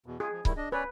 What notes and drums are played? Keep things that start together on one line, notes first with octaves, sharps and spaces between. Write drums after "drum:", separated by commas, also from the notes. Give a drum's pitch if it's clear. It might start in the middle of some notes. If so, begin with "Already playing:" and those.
E2 B2
F4 G#4
F3
D#3 G3 E4, drum: kick C#1
D4 D#5
C#4 B4 C#5 D5